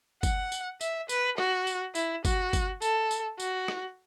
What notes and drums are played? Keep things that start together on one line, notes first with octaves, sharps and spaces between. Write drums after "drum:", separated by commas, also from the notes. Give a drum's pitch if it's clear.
F#5, drum: kick, tambourine
drum: tambourine
E5, drum: tambourine
B4, drum: tambourine
F#4, drum: rim click
drum: tambourine
E4, drum: tambourine
F#4, drum: kick, tambourine
drum: kick, tambourine
A4, drum: tambourine
drum: tambourine
F#4, drum: tambourine
drum: rim click